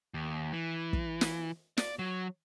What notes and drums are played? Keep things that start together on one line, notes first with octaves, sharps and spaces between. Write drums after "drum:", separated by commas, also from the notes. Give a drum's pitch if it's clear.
D#2
E3
drum: kick
drum: snare
D5, drum: snare
F#3